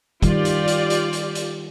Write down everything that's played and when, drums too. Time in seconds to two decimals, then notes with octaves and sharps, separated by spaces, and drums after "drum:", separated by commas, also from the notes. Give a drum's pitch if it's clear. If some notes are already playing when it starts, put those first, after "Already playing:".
0.23 D#3 G3 F4 G4 D5, drum: kick, hi-hat
0.45 drum: hi-hat
0.68 drum: hi-hat
0.90 drum: hi-hat
1.13 drum: hi-hat
1.35 drum: hi-hat